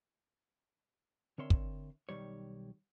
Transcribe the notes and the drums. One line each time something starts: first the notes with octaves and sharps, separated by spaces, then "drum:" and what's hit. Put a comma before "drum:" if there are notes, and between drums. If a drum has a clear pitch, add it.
D3 C4 A#4 C#5 E5 C6
drum: kick
B1 D#3 G3 C#5